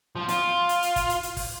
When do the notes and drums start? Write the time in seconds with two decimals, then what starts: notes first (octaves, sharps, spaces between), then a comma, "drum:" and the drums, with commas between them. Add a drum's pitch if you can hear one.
0.16 F3
0.28 F4, drum: hi-hat
0.69 drum: hi-hat
0.82 drum: hi-hat
0.96 drum: kick, hi-hat
1.10 drum: hi-hat
1.23 drum: hi-hat
1.37 drum: kick, open hi-hat